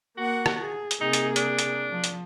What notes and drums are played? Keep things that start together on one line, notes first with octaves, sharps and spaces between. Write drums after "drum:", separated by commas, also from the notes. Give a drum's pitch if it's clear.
A#3 F#4 F#5
drum: rim click
G#4
drum: hi-hat
C3 A#3 D#4 G#4
drum: hi-hat
D4, drum: hi-hat
drum: hi-hat
F3
drum: hi-hat